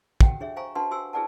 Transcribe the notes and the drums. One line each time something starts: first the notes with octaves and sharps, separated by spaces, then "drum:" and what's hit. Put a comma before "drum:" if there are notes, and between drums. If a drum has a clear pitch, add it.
F#4 G4 A4 F#5 G5, drum: kick
D4 G#4 C#5 E5
C5 F5 G#5 A#5 C#6
D4 F#4 B4 F#5 A5 C6
F#4 G4 C5 G#5 C6 E6
E4 G#4 B4 D5 F#5 A5